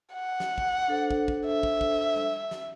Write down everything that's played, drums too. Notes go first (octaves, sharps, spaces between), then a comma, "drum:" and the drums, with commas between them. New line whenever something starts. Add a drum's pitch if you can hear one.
F#5
drum: snare
drum: kick
D4 A4 C5
drum: kick
drum: kick
E5
drum: kick
drum: kick
drum: tom G3
drum: snare